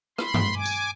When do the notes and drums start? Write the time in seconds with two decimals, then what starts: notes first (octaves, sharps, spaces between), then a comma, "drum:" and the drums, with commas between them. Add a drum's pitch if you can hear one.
0.18 B5 C6, drum: rim click
0.34 drum: tom G2
0.55 G#5 D6
0.65 drum: tambourine